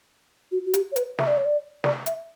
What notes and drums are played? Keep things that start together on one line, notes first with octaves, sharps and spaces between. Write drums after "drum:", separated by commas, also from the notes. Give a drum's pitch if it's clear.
F#4
F#4
G4, drum: hi-hat
C#5
B4, drum: hi-hat
E5, drum: snare
D5
C#5
D5
D5, drum: snare
E5, drum: hi-hat